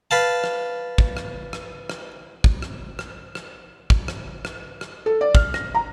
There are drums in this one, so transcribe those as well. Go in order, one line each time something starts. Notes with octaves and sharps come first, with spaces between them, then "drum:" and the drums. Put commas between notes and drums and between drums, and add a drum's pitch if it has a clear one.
B4 F5 A5
drum: rim click
drum: kick
drum: rim click
drum: rim click
drum: rim click
drum: kick
drum: rim click
drum: rim click
drum: rim click
drum: kick
drum: rim click
drum: rim click
drum: rim click
A4
D5
F6, drum: kick
A#6, drum: rim click
A#5